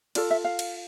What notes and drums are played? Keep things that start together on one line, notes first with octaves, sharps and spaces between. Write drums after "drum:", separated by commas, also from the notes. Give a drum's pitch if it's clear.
F4 A4 D5, drum: cymbal
E5
F5
drum: cymbal